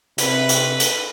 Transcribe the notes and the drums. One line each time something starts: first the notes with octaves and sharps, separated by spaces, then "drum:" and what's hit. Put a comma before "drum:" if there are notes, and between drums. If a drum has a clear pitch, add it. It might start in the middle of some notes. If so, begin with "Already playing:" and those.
C3 B4, drum: hi-hat
drum: hi-hat
drum: hi-hat